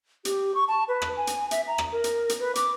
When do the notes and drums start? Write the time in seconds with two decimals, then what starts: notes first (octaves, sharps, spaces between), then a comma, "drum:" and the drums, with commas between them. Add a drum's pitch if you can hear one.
0.25 G4, drum: hi-hat
0.54 C#6
0.68 A5
0.88 B4
1.02 drum: rim click
1.17 G#5
1.27 drum: hi-hat
1.51 E5, drum: hi-hat
1.67 A#5
1.78 drum: rim click
1.92 A#4
2.04 drum: hi-hat
2.29 drum: hi-hat
2.40 B4
2.55 D6, drum: hi-hat